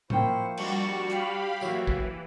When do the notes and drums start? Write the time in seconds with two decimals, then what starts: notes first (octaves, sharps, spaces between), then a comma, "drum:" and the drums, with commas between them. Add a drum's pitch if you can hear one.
0.10 F3 A#3 E4 C5 G5 C#6, drum: tom A2
0.57 G3 D4 F#4 A5 C#6, drum: cymbal
1.10 G4 F5 B5, drum: hi-hat
1.61 E3 F#3 A#3 F#4 E5, drum: tambourine
1.87 drum: kick